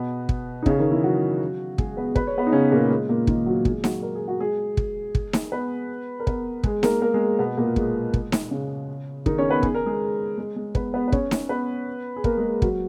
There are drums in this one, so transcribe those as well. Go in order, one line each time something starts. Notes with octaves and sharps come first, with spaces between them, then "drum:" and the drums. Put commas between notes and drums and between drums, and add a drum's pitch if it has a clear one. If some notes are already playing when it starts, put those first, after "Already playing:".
Already playing: B2 B3
drum: kick
D#4
C#3 C#4, drum: kick
D#3 D#4
E3 E4
F#3 F#4
G#3 G#4, drum: kick
B3 B4
B4, drum: kick
C#5
B3 B4
D#4
C#3 C#4
A#2 A#3
G#3
A#2 A#3
D#3 D#4, drum: kick
F#3 F#4
G#3 G#4, drum: kick
F#3 F#4, drum: snare D#4
A#4
G#4
F#4
G#3 G#4
drum: kick
drum: kick
drum: snare D#4
B3 B4
A#4
B3 B4, drum: kick
G#3 G#4, drum: kick
A#3 A#4, drum: snare D#4
A#3 A#4
G#3 G#4
B2 B3
A#2 A#3
G#3, drum: kick
drum: kick
drum: snare D#4
C#3 C#4
D#3 D#4, drum: kick
C#4 C#5
B3 B4
G#4, drum: kick
A#4
G#3 G#4
G#3 G#4
G#3 G#4
B3 B4, drum: kick
B3 B4
B4
C#4 C#5, drum: kick
drum: snare D#4
B3 B4
G#4
A#3 A#4, drum: kick
G#3 G#4
F#3 F#4, drum: kick